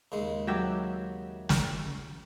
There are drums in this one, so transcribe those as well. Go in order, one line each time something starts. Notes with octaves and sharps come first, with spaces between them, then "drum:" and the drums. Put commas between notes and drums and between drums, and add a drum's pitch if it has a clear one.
D#2 C#3 G#3
F#3 G4 E5
drum: snare